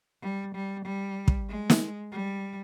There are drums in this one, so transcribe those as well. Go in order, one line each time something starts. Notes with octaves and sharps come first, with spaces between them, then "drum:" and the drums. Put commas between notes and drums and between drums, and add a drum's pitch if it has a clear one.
G3
G3
G3
drum: kick
G#3
drum: snare
G3